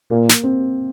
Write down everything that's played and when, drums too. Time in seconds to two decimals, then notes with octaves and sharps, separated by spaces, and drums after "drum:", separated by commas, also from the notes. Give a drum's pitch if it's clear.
0.11 A#2 A#3
0.29 drum: snare
0.44 C4